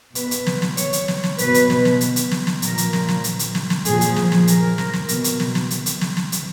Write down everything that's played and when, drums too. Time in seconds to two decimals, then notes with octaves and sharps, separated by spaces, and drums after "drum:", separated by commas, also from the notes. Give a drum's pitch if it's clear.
0.15 B2 B4, drum: hi-hat
0.31 drum: hi-hat
0.46 drum: snare
0.62 drum: snare
0.77 C#5, drum: hi-hat
0.93 drum: hi-hat
1.08 drum: snare
1.24 drum: snare
1.38 B2 B4, drum: hi-hat
1.54 drum: hi-hat
1.70 drum: snare
1.85 drum: snare
2.01 drum: hi-hat
2.16 drum: hi-hat
2.31 drum: snare
2.47 drum: snare
2.62 A#2 F3 A#4, drum: hi-hat
2.78 drum: hi-hat
2.93 drum: snare
3.08 drum: snare
3.24 drum: hi-hat
3.39 drum: hi-hat
3.55 drum: snare
3.70 drum: snare
3.85 A#2 F3 G#4, drum: hi-hat
4.01 drum: hi-hat
4.16 drum: snare
4.32 drum: snare
4.47 A#4, drum: hi-hat
4.78 drum: snare
4.93 drum: snare
5.09 B2, drum: hi-hat
5.24 drum: hi-hat
5.40 drum: snare
5.55 drum: snare
5.70 drum: hi-hat
5.86 drum: hi-hat
6.01 drum: snare
6.17 drum: snare
6.32 drum: hi-hat